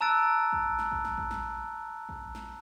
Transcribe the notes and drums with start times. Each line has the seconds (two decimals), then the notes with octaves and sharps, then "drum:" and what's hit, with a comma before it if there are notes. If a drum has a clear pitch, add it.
0.01 A5 A#5 E6 F#6 A6 D7
0.53 drum: kick A#1
0.79 drum: snare
0.92 drum: kick A#1
1.05 drum: snare
1.18 drum: kick A#1
1.31 drum: snare
2.09 drum: kick A#1
2.35 drum: snare